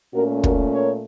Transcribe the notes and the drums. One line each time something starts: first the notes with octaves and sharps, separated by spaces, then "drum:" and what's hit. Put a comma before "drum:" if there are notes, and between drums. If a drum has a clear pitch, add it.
A#2 A3 C#4 F#4 A#4
F#4 A#4, drum: kick
A#4 C#5